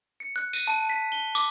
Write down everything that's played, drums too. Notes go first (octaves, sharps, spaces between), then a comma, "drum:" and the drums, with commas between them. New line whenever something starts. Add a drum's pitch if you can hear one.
C#7
F#6
D#7, drum: tambourine
A5
B6
G7
D6, drum: tambourine